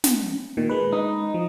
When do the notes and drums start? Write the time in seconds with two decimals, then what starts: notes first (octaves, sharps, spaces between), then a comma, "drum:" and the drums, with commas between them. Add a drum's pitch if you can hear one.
0.04 drum: snare
0.57 A#2 D#3
0.69 G#3 B4
0.93 D#4
1.34 F3